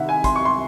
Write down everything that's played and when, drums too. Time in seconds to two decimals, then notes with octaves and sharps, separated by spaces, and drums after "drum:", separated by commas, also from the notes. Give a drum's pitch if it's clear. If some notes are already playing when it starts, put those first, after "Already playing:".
Already playing: C2 C3 D#3 E5 F#5
0.09 G#5
0.24 C6, drum: kick, hi-hat
0.36 C#6
0.45 C6